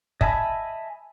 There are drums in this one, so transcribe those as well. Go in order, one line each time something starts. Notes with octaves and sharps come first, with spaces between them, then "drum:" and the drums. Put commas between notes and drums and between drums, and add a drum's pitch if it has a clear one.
D#5 E5 G#5 A5 B5, drum: kick F#1